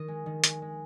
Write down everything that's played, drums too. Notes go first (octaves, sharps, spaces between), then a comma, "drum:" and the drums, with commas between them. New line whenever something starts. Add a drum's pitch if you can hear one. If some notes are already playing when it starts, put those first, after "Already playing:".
Already playing: D#3 D#5
G#3
D#3
G#3, drum: hi-hat
G#3